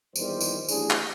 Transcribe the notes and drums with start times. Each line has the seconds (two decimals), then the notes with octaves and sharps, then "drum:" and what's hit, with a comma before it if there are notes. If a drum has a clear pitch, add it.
0.16 A#1 E2 D#3 E3 G3 C5, drum: tambourine
0.41 drum: tambourine
0.68 A1 D4 G#4, drum: tambourine
0.90 drum: clap